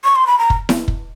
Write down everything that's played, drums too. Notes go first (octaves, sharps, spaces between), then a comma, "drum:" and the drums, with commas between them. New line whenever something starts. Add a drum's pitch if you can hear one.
C#6
C6
B5
A#5
drum: kick
drum: snare E4
drum: kick